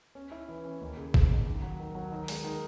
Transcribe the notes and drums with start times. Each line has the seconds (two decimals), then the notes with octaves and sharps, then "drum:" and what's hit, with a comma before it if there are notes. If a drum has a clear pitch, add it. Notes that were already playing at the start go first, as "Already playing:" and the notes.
0.15 C#4
0.31 E4
0.48 E3
0.65 C#4
0.81 D#2
0.97 C#3
1.14 D#2, drum: kick
1.30 D#2
1.47 D#3
1.62 F#3
1.80 D#3
1.95 F#3
2.12 D#3
2.28 G#3, drum: open hi-hat
2.44 D#3